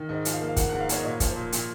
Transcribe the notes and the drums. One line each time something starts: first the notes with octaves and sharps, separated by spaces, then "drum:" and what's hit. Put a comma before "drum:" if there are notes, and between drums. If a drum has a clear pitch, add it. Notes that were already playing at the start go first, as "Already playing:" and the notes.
Already playing: D#3
G#2 D#5
F3, drum: hi-hat
F5
A#3
F5
A#3 F#5, drum: kick, hi-hat
G#2 F#5
F5
A#3 C#5, drum: hi-hat
D#5
A#2 C#5
F3, drum: kick, hi-hat
C5
A#2
A#2, drum: hi-hat